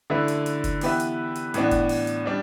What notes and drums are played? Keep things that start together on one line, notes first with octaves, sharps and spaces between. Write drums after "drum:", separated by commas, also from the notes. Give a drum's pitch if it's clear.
D3 A3 E4 B4 E5
drum: hi-hat
drum: hi-hat
drum: kick F#1, hi-hat
E3 B3 G4 B4 E5, drum: open hi-hat
drum: hi-hat
drum: hi-hat
A2 E3 B3 D4, drum: hi-hat
drum: kick F#1, hi-hat
drum: open hi-hat
drum: hi-hat
G3 D4